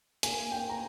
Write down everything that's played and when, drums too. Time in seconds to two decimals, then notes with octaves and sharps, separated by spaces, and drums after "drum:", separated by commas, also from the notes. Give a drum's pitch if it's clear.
0.23 A#3 G#5, drum: hi-hat
0.51 A#3 G5
0.70 A#5